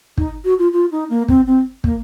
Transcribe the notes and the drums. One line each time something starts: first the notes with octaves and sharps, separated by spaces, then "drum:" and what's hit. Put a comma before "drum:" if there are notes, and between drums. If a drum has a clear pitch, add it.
D#4, drum: kick
F#4
F4
F4
D#4
A#3
C4, drum: kick
C4
A#3, drum: kick